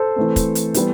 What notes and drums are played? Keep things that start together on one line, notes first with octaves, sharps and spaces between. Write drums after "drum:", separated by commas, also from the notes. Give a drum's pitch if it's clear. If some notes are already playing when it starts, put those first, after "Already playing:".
Already playing: A4 C5
E3 A3 C4
drum: kick, hi-hat
drum: hi-hat
E3 G3 B3, drum: hi-hat